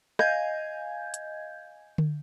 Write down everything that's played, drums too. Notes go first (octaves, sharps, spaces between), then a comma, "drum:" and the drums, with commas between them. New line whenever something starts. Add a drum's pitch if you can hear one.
D#5 F5 G#5 G6 G#6, drum: rim click
drum: hi-hat
drum: tom D3